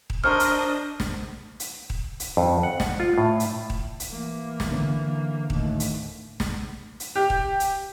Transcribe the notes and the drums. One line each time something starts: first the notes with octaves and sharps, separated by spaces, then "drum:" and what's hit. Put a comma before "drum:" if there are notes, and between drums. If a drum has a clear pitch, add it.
drum: kick D#1
D4 A#4 C5 D#5 C#6 F6
drum: hi-hat
drum: snare
drum: hi-hat
drum: kick D#1
drum: hi-hat
F2
F#5
drum: snare
F4
A2
drum: hi-hat
drum: kick D#1
drum: hi-hat
E3 A#3
drum: snare
D3 B3 C#4
D#2 A2, drum: kick D#1
drum: hi-hat
drum: snare
drum: hi-hat
G4
drum: kick D#1
drum: hi-hat